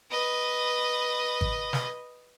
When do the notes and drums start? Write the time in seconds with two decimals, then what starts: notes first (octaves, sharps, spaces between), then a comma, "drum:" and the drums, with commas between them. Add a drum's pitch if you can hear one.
0.10 B4 D#5
1.41 drum: kick G#1
1.73 drum: snare